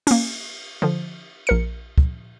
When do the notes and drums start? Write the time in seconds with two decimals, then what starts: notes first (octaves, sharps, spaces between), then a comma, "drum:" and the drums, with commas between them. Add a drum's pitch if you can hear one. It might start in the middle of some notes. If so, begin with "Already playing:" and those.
0.07 A#3 C#4, drum: cymbal
0.82 D3 F3
1.47 A#1 A#4 C#7
1.98 drum: kick